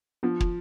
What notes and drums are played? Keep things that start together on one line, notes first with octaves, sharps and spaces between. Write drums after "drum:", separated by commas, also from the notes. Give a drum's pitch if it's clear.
F3 B3 D4
drum: kick